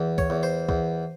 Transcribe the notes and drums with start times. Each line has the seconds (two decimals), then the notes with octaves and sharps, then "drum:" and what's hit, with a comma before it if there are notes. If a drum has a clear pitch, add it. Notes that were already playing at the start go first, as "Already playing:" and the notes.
Already playing: E2
0.18 C#5, drum: kick C#2
0.30 E2
0.43 C5
0.69 E2, drum: kick C#2